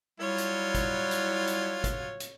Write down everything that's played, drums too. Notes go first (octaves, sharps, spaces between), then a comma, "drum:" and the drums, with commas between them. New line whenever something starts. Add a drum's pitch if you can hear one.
F#3 G3 E4 F4 C#5
drum: hi-hat
drum: kick, hi-hat
drum: hi-hat
drum: hi-hat
drum: kick, hi-hat
drum: hi-hat